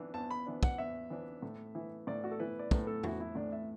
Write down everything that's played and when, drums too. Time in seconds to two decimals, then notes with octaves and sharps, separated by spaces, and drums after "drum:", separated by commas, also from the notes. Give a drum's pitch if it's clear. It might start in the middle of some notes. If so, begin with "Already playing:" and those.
Already playing: E2 E3 B3 D4
0.14 E2 A5
0.31 B5
0.47 E3 B3 D4
0.63 F#5, drum: kick
0.78 E2 E5
1.10 E3 B3 D4
1.42 A2
1.75 E3 B3 E4
2.07 A2 D5
2.24 F#4
2.31 A4
2.40 E3 B3 E4 B4
2.59 D5
2.71 A2 B4, drum: kick
2.87 A4
3.03 E3 B3 E4 F#4, drum: tom
3.20 E4
3.35 A2 D4
3.52 E5